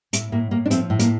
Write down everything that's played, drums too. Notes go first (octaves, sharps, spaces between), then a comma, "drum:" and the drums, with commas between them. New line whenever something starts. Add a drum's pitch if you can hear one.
A2 A3, drum: hi-hat
A2 A#3
A2 A#3
D4
F3 A3 C4, drum: hi-hat
A2
A#3, drum: hi-hat